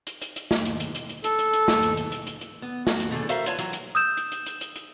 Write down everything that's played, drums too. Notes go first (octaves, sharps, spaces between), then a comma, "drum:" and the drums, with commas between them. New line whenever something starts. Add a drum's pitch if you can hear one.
drum: hi-hat
drum: hi-hat
drum: hi-hat
drum: snare
drum: hi-hat
drum: hi-hat
drum: hi-hat
drum: hi-hat
A4, drum: hi-hat
drum: hi-hat
drum: hi-hat
drum: snare
drum: hi-hat
drum: hi-hat
drum: hi-hat
drum: hi-hat
drum: hi-hat
B3
F#4, drum: snare
drum: hi-hat
B2 D3 A3 G#4 A4
F#4 A4 A#4 C5 E5 F5, drum: hi-hat
F4 B4 C#5 F5 A5, drum: hi-hat
E3 F#3 F4 F#4, drum: hi-hat
drum: hi-hat
D#6 E6 G6 E7
drum: hi-hat
drum: hi-hat
drum: hi-hat
drum: hi-hat
drum: hi-hat